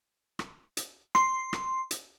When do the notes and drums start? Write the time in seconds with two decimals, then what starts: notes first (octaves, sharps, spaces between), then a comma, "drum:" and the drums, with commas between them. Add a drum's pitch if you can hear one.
0.39 drum: rim click
0.77 drum: hi-hat
1.15 C6, drum: rim click
1.53 drum: rim click
1.91 drum: hi-hat